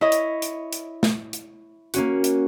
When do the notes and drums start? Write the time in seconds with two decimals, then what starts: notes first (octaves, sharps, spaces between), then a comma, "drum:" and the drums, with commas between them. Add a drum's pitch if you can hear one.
0.01 E4 C#5 D#5
0.12 drum: hi-hat
0.42 drum: hi-hat
0.73 drum: hi-hat
1.03 drum: snare
1.33 drum: hi-hat
1.94 A#3 C#4 F#4, drum: hi-hat
2.24 drum: hi-hat